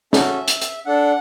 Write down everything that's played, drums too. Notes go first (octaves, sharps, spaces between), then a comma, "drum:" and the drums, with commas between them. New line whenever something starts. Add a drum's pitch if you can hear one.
C#4 F#4 A4 E5, drum: snare
drum: hi-hat
drum: hi-hat
D4 A4 F#5